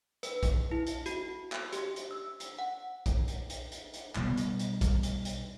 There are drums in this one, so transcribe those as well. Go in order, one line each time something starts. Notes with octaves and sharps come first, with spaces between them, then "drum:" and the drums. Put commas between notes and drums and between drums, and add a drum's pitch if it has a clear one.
B4, drum: hi-hat
drum: kick, hi-hat
E4
drum: hi-hat
F#4, drum: hi-hat
drum: clap
G4, drum: hi-hat
drum: hi-hat
E6
drum: hi-hat
F#5
drum: kick, hi-hat
drum: hi-hat
drum: hi-hat
drum: hi-hat
drum: hi-hat
B2 G3, drum: clap
drum: hi-hat
drum: hi-hat
drum: kick, hi-hat
drum: hi-hat
drum: hi-hat